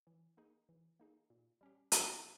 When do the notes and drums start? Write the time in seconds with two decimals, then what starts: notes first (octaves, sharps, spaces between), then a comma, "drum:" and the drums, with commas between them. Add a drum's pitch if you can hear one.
0.07 E3
0.37 A#3 D#4 G#4
0.69 E3
1.00 A#3 D#4 G#4
1.30 A#2
1.61 G3 C#4 G4
1.92 A#2, drum: hi-hat